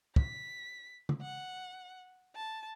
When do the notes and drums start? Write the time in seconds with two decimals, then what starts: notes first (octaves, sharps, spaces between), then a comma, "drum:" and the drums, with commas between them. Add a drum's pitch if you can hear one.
0.16 B6, drum: kick
1.09 drum: tom C#3
1.22 F#5
2.35 A5